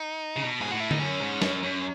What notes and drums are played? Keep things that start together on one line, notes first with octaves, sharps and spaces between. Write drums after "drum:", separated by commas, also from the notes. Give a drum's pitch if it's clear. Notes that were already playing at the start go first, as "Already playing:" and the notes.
Already playing: D#4
C#3
B2
G#2 G#4
A2 F#4
E4
D#4, drum: tom D3
F#2 C#4
G#2
F#2, drum: snare
F#2